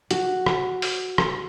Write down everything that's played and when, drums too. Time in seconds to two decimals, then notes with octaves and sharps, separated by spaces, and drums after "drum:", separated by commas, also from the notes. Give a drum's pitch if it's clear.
0.11 F#4, drum: hi-hat
0.46 drum: rim click
0.82 drum: open hi-hat
1.18 drum: rim click